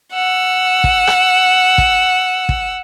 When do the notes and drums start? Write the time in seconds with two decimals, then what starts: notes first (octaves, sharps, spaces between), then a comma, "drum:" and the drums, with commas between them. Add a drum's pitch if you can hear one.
0.13 F#5 E6
0.84 drum: kick
1.07 drum: rim click
1.78 drum: kick
2.49 drum: kick